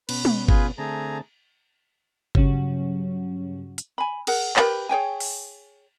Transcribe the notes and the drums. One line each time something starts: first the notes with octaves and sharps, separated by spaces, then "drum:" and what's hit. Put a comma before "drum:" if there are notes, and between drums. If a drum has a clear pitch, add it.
B2 B3 C#4 B4, drum: cymbal
drum: tom
F4 G#4 B4, drum: kick G1
D3 A3 C4 G#4 A5 A#5
G2 C#3 F#3 C#4, drum: kick G1
drum: hi-hat
G#5 B5
G#4 A#4 F#5, drum: cymbal
G4 A#4 B4 B5, drum: clap
G#4 C#5 G5 G#5
drum: open hi-hat